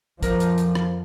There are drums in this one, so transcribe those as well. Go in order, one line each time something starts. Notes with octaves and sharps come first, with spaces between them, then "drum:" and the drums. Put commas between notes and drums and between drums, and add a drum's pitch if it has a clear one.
F2 F3 A#4 D5 F#5, drum: kick, hi-hat
drum: hi-hat
drum: hi-hat
drum: rim click